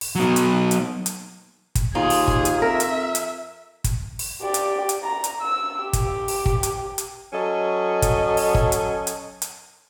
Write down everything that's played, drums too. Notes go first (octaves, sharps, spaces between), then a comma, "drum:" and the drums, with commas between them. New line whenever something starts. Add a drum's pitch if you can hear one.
drum: open hi-hat
F#3 B3
drum: hi-hat
drum: hi-hat
drum: hi-hat
drum: kick, hi-hat
D#2 A#3 D#4 F4 G#4
drum: open hi-hat
drum: kick
drum: hi-hat
F2 A#4 E5
drum: hi-hat
drum: hi-hat
drum: kick, hi-hat
drum: open hi-hat
G4 D5
drum: hi-hat
drum: hi-hat
A#5
drum: hi-hat
E6
G4
drum: kick, hi-hat
drum: open hi-hat
drum: kick
drum: hi-hat
drum: hi-hat
F#3 C#4 A4 D#5
drum: kick, hi-hat
drum: open hi-hat
drum: kick
drum: hi-hat
drum: hi-hat
drum: hi-hat